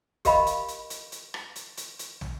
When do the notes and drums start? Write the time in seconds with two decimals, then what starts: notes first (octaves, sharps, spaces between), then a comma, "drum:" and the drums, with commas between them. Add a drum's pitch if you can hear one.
0.25 G4 A#4 D#5 F5 B5, drum: kick, hi-hat
0.47 drum: hi-hat
0.68 drum: hi-hat
0.90 drum: hi-hat
1.12 drum: hi-hat
1.34 drum: rim click
1.56 drum: hi-hat
1.78 drum: hi-hat
1.99 drum: hi-hat
2.21 drum: tom